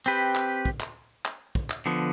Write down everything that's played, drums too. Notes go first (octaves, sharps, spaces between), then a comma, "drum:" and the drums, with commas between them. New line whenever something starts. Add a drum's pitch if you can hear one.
C4 G4 B4
drum: clap
drum: kick
drum: clap
drum: clap
drum: kick
drum: clap
D3 F3 B3